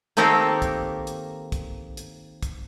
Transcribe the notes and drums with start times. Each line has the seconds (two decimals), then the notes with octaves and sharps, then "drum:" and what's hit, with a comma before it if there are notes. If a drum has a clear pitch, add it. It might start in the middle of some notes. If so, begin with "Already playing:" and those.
0.17 D#3 A#3 C4 G4 A4 A#4, drum: hi-hat
0.62 drum: kick, hi-hat
1.07 drum: hi-hat
1.52 drum: kick, hi-hat
1.97 drum: hi-hat
2.43 drum: kick, hi-hat